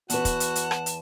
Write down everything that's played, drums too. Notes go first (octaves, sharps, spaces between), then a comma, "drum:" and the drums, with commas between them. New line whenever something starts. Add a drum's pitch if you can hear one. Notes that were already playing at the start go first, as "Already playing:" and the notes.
E2 F#4 B4 F#5 A5, drum: hi-hat
drum: kick, hi-hat
drum: hi-hat
drum: hi-hat
drum: rim click
drum: hi-hat